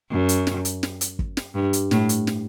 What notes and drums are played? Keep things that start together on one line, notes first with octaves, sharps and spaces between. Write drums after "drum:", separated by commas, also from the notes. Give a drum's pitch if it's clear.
F#2
drum: hi-hat
drum: snare
drum: hi-hat
drum: snare
drum: hi-hat
drum: kick
drum: snare
G2
drum: hi-hat
A2, drum: snare
drum: hi-hat
drum: snare